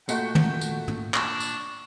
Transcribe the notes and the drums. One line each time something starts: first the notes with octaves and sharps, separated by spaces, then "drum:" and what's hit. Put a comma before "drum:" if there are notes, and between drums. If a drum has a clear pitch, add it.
A#2 A3 F#4 G5 C#7, drum: tambourine
drum: tom
drum: tambourine
drum: tom G#2
D4 C#6, drum: clap
drum: tambourine